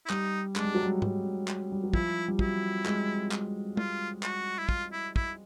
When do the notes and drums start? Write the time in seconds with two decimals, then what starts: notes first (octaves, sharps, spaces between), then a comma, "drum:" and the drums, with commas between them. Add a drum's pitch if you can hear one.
0.06 E4
0.10 G3 D#4, drum: clap
0.56 G#3 D4, drum: clap
0.65 G3
0.75 F#3
0.83 G3
1.02 F#3, drum: tom G#2
1.48 drum: clap
1.72 G3
1.83 F#3
1.93 F3 E4, drum: kick
2.28 G3
2.39 F#3 E4, drum: kick
2.86 G#3, drum: clap
3.32 drum: clap
3.77 F4, drum: tom
4.23 F#4, drum: clap
4.58 E4
4.69 F4, drum: kick
4.92 E4
5.16 E4, drum: kick